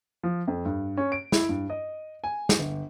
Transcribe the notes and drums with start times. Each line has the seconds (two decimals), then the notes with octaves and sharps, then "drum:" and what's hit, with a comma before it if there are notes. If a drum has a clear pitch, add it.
0.23 F3
0.47 F2
0.65 G2
0.97 C#4
1.12 D7
1.32 E4, drum: snare
1.49 G2
1.70 D#5
2.24 G#5
2.49 drum: snare
2.59 G1